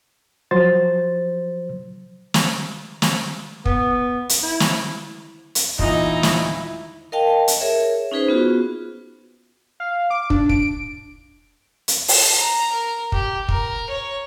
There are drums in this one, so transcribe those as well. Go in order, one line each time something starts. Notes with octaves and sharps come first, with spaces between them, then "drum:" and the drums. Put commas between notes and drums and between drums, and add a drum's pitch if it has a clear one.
F3 F#3 C5 A6
drum: snare
drum: snare
B3, drum: kick
drum: hi-hat
E4
drum: snare
drum: hi-hat
E2 A#2 D#4 E4 D#5, drum: kick
drum: snare
A#4 D#5 F5 G5 A5
drum: hi-hat
G#4 A#4 C#5 E5
C#4 D#4 G#4 B4 C5
B3 F4 F#4
F5
D6
D4, drum: kick
D7, drum: kick
drum: hi-hat
A5, drum: open hi-hat
A#5
A#4
G4, drum: kick
A#4, drum: kick
C#5